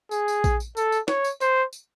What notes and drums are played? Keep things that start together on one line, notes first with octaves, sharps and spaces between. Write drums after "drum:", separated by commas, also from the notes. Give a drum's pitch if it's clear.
G#4, drum: tambourine
drum: tambourine
drum: kick A#1, tambourine
drum: tambourine
A4, drum: tambourine
drum: tambourine
C#5, drum: snare
drum: tambourine
C5, drum: tambourine
drum: tambourine